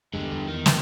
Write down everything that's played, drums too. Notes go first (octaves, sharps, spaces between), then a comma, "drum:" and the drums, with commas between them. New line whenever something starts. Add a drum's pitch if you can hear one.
E2 G2 D3 G3 G#3
E2
D#3
A2, drum: snare